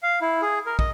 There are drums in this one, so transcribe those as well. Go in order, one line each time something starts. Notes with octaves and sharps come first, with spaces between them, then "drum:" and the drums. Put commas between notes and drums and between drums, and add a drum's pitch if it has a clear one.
F5
E4
G#4
A#4
D#5, drum: kick